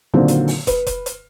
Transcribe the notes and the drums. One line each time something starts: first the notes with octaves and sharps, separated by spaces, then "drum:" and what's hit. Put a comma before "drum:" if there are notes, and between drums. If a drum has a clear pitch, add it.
A#2 D3 D#3 F#3 A#3 C4
drum: hi-hat
drum: open hi-hat
B4, drum: kick, hi-hat
drum: kick, hi-hat
drum: hi-hat